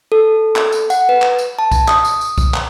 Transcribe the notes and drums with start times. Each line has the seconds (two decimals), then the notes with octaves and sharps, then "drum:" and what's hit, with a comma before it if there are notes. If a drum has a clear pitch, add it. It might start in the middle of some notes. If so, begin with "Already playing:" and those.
0.12 A4
0.56 drum: clap
0.72 drum: tambourine
0.90 F#5, drum: tambourine
1.09 B4
1.22 drum: clap
1.38 drum: tambourine
1.59 A5
1.72 drum: kick C2, tambourine
1.88 D#6, drum: clap
2.05 drum: tambourine
2.21 drum: tambourine
2.38 drum: kick C2, tambourine
2.54 drum: clap